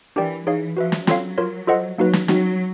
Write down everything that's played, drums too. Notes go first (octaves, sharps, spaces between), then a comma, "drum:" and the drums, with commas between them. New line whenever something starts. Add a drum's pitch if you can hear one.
E3 D4 G4 A#4 D5 G5
E3 D#4 G#4 C#5 F5
F3 F#4 B4 E5
drum: snare
F#3 C4 F4 A4 C#5 F5, drum: snare
F4 A#4 C#5
F4 A4 C5 D#5 F#5
F#3 A#3 D#4 F#4 B4
drum: snare
F#3 C4 D#4 F#4, drum: snare